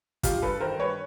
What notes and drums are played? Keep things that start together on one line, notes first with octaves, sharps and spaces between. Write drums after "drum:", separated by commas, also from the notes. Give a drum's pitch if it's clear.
G2 F4 G4, drum: kick, hi-hat
G2 A4 B4
D#3 A#4 C5
G2 B4 C#5